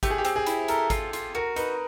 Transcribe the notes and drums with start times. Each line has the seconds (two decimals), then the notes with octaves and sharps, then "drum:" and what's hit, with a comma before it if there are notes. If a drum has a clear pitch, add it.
0.03 A3 G4, drum: kick G#1, hi-hat
0.10 G#4
0.18 G4
0.25 C4, drum: hi-hat
0.36 G#4
0.46 E4, drum: hi-hat
0.68 A4 A#4, drum: hi-hat
0.90 F4, drum: kick G#1, hi-hat
1.13 F4, drum: hi-hat
1.35 F#4 A#4
1.56 D#4 B4, drum: hi-hat